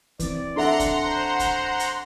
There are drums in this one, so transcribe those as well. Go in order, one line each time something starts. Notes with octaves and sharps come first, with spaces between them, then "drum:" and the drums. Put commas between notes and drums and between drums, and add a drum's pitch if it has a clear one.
E3 C4 D5, drum: kick C2, hi-hat
D4 A4 E5 F#5 A#5 C6
drum: kick C2, hi-hat
C5
drum: kick C2, hi-hat
drum: hi-hat